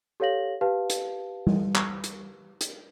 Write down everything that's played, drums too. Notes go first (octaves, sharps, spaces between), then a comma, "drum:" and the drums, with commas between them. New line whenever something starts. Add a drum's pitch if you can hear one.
G4 A4 C#5 F5 A#6 F#7
G4 B4 F5 A5
drum: hi-hat
drum: tom G3
drum: clap
drum: hi-hat
drum: hi-hat